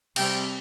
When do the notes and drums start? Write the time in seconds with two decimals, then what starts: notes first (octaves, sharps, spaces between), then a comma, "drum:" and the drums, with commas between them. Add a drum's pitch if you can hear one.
0.16 C3 G3 C4 G5, drum: cymbal